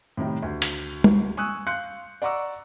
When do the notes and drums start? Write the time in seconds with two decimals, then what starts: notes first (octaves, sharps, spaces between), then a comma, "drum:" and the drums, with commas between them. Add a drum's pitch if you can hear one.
0.17 A2 C3 D#3 G3
0.43 D2
0.62 drum: hi-hat
1.04 drum: tom G3
1.37 G#5 C#6 D#6 E6 F#6
1.67 F5 C6 F#6 G6 C#7
2.22 D5 F#5 A#5 C#6 D6 E6